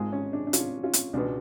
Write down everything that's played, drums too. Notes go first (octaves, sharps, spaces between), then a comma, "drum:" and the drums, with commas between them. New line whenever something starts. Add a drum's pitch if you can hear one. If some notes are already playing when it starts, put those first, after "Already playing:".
Already playing: G#1 G#2 G#3 F4 G#4
C#4
D4
D4
C#4 F4, drum: hi-hat
C#4 F4
drum: hi-hat
C#2 B2 G#3 B3 D4